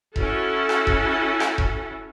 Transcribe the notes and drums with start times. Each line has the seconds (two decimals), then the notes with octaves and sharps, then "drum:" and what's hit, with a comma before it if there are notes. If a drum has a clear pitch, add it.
0.16 C#4 E4 F#4 A4, drum: kick E1
0.69 drum: rim click
0.87 drum: kick E1
1.40 drum: rim click
1.58 drum: kick E1